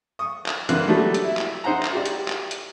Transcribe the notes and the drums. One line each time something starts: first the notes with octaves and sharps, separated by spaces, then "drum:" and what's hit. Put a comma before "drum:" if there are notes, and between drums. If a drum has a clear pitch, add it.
C#6 D#6
drum: clap
D3 E3 A#3 C4 F#6, drum: hi-hat
F#3 G3 A3 D#4
drum: hi-hat
E4 E5
drum: clap
D#4 C5 F#5 A#5
drum: clap
E4 F#4 G4 D5
drum: hi-hat
drum: clap
drum: hi-hat